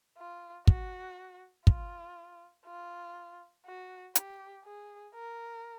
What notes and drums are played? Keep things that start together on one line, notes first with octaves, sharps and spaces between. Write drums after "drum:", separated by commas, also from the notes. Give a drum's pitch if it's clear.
F4
F#4, drum: kick
F4, drum: kick
F4
F#4
G4, drum: hi-hat
G#4
A#4